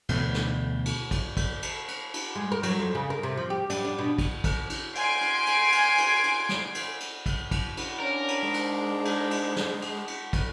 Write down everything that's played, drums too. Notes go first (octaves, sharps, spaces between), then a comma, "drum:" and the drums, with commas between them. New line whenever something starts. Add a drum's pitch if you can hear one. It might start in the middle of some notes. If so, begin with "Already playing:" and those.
D2 B2 E3 A3, drum: cymbal
drum: snare
drum: cymbal
drum: kick, cymbal
drum: kick, cymbal
drum: cymbal
drum: cymbal
drum: cymbal
G#3
A#4
F#3, drum: cymbal
F2
C#3
A#4
C3
F3
G4
D4, drum: cymbal
D4
B2
drum: kick, cymbal
drum: kick, cymbal
drum: cymbal
G#5 C6 D7, drum: cymbal
drum: cymbal
drum: cymbal
drum: cymbal
drum: cymbal
drum: cymbal
drum: snare
drum: cymbal
drum: cymbal
drum: kick, cymbal
drum: kick, cymbal
drum: cymbal
C#4 D4 A#4
drum: cymbal
G#2 G#3
drum: cymbal
drum: cymbal
drum: cymbal
drum: snare
drum: cymbal
drum: cymbal
drum: kick, cymbal